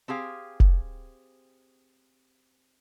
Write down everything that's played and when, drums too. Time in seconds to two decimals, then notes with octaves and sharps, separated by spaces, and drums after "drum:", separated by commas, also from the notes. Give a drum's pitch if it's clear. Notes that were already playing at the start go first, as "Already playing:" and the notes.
0.08 C4 G4 G#4 F5
0.60 drum: kick F1